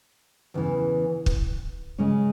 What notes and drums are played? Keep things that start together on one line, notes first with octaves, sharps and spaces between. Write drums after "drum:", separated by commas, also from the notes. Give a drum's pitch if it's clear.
E2 C#3 E3
drum: kick
C#3 G#3 C#4